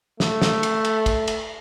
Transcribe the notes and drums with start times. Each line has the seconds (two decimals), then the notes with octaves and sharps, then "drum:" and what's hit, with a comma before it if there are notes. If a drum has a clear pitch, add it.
0.20 A3, drum: snare
0.42 drum: snare
0.63 drum: cymbal
0.85 drum: cymbal
1.06 drum: kick, cymbal
1.28 drum: cymbal